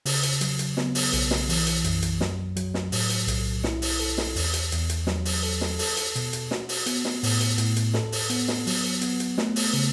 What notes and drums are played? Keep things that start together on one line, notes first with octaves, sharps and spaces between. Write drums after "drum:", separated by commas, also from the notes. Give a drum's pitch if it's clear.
C#3, drum: open hi-hat
drum: hi-hat
F#3, drum: hi-hat
drum: hi-hat
B3, drum: snare
drum: open hi-hat
B1, drum: hi-hat
drum: snare
E3, drum: open hi-hat
drum: hi-hat
F#2, drum: hi-hat
drum: hi-hat
F#3, drum: snare
F#3, drum: hi-hat
drum: snare
A2, drum: open hi-hat
drum: hi-hat
B1, drum: hi-hat
E4, drum: snare
drum: open hi-hat
A4
drum: snare
E2, drum: open hi-hat
drum: hi-hat
E2, drum: hi-hat
drum: hi-hat
F#3, drum: snare
drum: open hi-hat
A4
drum: snare
A4, drum: open hi-hat
drum: hi-hat
B2, drum: hi-hat
drum: hi-hat
F#4, drum: snare
drum: open hi-hat
B3, drum: hi-hat
drum: snare
A2, drum: open hi-hat
drum: hi-hat
A2, drum: hi-hat
drum: hi-hat
A4, drum: snare
drum: open hi-hat
B3, drum: hi-hat
drum: snare
F#3, drum: open hi-hat
B3, drum: hi-hat
drum: hi-hat
A3, drum: snare
drum: open hi-hat
C#3